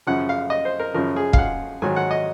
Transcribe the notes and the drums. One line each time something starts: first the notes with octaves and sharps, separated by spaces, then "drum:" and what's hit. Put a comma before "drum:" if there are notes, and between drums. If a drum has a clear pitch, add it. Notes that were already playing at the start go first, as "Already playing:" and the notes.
F#2 C#3 F3 F#5
F5
D#5
C5
A#4
F#2 C#3 F3 A#4
G#4
F5, drum: kick
F#5
G#2 D#3 F#3 G#5
F#5
D#5